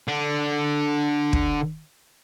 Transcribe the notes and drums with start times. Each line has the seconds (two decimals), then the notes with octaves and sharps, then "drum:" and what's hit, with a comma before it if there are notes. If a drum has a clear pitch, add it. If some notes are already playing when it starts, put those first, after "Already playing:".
0.08 D3 D4
1.33 drum: kick